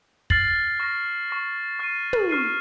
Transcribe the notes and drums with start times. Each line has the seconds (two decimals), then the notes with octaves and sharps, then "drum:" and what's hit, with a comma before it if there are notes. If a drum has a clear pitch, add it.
0.30 F6 A6 C7 F#7, drum: kick
0.80 C#6 F6 A#6
1.30 C#6 F6 A#6
1.79 C#6 F6 C7 D#7
2.13 drum: tom
2.29 C#6 F6 C7 D#7